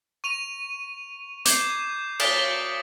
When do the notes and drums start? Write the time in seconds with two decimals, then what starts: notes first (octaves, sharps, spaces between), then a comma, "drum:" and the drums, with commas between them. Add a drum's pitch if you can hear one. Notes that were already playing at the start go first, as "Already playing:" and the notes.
0.24 C#6 D#7 F7
1.45 D6 G6 G#6 C7, drum: hi-hat
2.20 D6 D#6 A6 B6 D7 F7, drum: cymbal